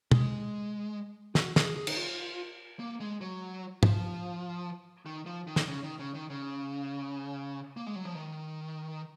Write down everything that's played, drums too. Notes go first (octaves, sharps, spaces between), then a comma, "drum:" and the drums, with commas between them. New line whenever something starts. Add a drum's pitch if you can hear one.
G#3, drum: tom
F#4, drum: snare
G#4, drum: snare
G#4
D#4, drum: cymbal
F4
A#3
G#3
F#3
F3, drum: tom
D#3
F3
D#3
drum: snare
C#3
D#3
C#3
D#3
C#3
A#3
G#3
F#3
F3
D#3